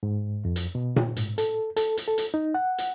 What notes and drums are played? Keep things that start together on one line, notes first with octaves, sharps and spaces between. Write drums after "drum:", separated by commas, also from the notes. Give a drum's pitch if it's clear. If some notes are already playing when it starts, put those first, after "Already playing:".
G#2
F2
drum: hi-hat
B2
drum: tom A#2
G#2, drum: hi-hat
A4, drum: hi-hat
A4, drum: hi-hat
drum: hi-hat
A4
drum: hi-hat
D#4
F#5
drum: hi-hat